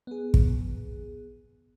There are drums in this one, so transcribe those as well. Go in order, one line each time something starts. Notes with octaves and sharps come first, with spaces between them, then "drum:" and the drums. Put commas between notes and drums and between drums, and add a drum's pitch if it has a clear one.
B3 G#4
drum: kick